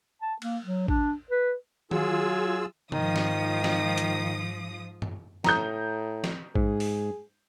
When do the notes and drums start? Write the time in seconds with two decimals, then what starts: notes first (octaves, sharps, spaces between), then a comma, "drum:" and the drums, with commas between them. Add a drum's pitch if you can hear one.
0.22 A5
0.42 A#3, drum: cymbal
0.63 F#3
0.88 D4, drum: kick A1
1.31 B4
1.91 F#3 F4 G#4 E6, drum: tom D#3
2.92 G#2 D#3 F3 D#6, drum: tom C3
3.16 drum: snare
3.64 drum: snare
3.98 drum: hi-hat
5.02 drum: tom F#2
5.44 A2 A#5 D#6 G6, drum: snare
6.24 drum: snare
6.56 G#2 G#4, drum: kick A1
6.80 drum: open hi-hat